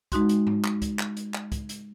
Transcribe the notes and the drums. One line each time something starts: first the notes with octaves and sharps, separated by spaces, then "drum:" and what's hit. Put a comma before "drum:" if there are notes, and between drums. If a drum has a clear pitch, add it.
G#3 D#4 F#4 C6, drum: kick, hi-hat
drum: hi-hat
drum: tom G#2
drum: clap
drum: kick, hi-hat
drum: clap
drum: hi-hat
drum: clap
drum: kick, hi-hat
drum: hi-hat